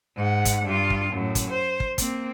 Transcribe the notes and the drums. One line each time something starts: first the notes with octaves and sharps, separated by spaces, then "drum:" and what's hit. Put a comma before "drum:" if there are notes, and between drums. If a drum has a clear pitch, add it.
G#2 F#5
drum: kick, hi-hat
G2 F4
drum: kick
F#2 A2
drum: kick, hi-hat
C5
drum: kick
A#3 C4, drum: kick, hi-hat